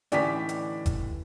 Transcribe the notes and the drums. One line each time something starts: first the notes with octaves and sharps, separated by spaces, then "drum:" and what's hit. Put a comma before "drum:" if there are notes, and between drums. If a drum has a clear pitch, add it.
A2 D3 E3 C#4 D#4 G4 D5 B6, drum: hi-hat
drum: hi-hat
drum: kick F#1, hi-hat